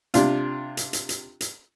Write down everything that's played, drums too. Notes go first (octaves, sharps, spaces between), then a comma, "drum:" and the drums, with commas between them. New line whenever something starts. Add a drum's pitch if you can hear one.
C3 D4 F4, drum: hi-hat
drum: hi-hat
drum: hi-hat
drum: hi-hat
drum: hi-hat